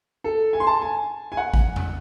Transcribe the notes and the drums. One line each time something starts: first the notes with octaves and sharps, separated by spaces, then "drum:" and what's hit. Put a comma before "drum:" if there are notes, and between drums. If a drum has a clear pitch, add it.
A4
G#5
C6
A5
G#5
G#5
F#5
drum: kick G#1
drum: tom E2